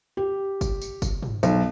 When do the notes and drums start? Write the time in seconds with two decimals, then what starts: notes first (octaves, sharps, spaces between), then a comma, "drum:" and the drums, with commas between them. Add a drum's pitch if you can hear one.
0.17 G4
0.61 drum: kick F#1, tambourine
0.82 drum: tambourine
1.02 drum: kick F#1, tambourine
1.23 drum: tom
1.43 B1, drum: tambourine